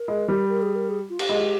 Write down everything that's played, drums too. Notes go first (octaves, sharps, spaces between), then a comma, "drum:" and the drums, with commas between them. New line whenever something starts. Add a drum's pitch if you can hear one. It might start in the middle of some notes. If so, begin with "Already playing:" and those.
Already playing: A#4
G#3
G3
A#4
G#4
A#4
G#4
F4
G4, drum: cymbal
G#3
G#3